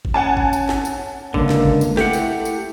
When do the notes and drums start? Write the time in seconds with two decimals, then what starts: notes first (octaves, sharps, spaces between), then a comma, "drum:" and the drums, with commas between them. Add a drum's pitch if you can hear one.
0.05 drum: kick
0.14 C#4 F#5 G#5 A5
0.37 drum: kick
0.53 drum: tambourine
0.69 drum: snare
0.85 drum: tambourine
1.34 C#2 D3 A#3, drum: kick
1.49 drum: snare
1.65 drum: kick
1.81 drum: tambourine
1.97 A3 E4 G4 F#5, drum: snare
2.13 drum: tambourine
2.45 drum: tambourine